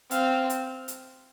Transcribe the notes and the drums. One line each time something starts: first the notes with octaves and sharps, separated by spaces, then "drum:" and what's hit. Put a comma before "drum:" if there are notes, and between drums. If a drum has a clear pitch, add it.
C4 F5, drum: hi-hat
drum: hi-hat
drum: hi-hat